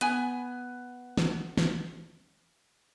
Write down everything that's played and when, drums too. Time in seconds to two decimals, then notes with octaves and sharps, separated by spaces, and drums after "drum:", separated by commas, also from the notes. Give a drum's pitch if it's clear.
0.01 B3 G#5, drum: hi-hat
1.17 drum: snare
1.57 drum: snare